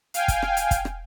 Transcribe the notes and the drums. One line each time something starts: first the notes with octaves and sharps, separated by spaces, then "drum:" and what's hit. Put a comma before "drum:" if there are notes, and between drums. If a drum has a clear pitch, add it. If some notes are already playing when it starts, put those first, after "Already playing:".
F5 G5 G#5, drum: hi-hat
drum: kick, hi-hat
drum: rim click
drum: hi-hat
drum: kick, hi-hat
drum: rim click